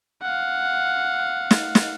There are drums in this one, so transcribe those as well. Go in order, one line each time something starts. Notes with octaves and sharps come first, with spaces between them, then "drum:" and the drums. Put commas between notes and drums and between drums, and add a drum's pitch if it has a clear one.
F5 F#5
drum: snare
drum: snare